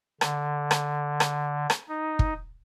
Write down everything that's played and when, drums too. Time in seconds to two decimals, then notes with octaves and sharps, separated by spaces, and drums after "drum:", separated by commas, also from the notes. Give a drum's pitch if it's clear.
0.21 D3, drum: rim click
0.71 drum: rim click
1.20 drum: rim click
1.70 drum: rim click
1.89 D#4
2.19 drum: kick